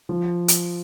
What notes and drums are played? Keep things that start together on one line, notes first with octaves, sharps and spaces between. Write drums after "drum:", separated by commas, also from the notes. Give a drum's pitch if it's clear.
F3
drum: hi-hat